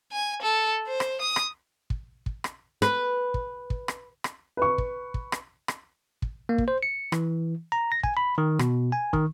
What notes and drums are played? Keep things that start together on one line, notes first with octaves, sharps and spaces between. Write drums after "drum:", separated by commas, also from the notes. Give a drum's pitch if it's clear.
G#5
A4
C5
drum: rim click
D#6
drum: rim click
drum: kick
drum: kick
drum: rim click
B4, drum: rim click
drum: kick
drum: kick
drum: rim click
drum: rim click
B4 C#6
drum: kick
drum: kick
drum: rim click
drum: rim click
drum: kick
A#3
drum: kick
C5
C#7
E3, drum: rim click
A#5
A#6
G#5, drum: kick
B5
D#3
B2, drum: rim click
G#5
D#3, drum: kick